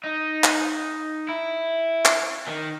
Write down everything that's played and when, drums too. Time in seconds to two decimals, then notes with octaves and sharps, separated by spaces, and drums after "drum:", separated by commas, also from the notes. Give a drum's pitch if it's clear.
0.04 D#4
0.44 drum: clap
1.29 E4
2.05 drum: clap
2.47 D#3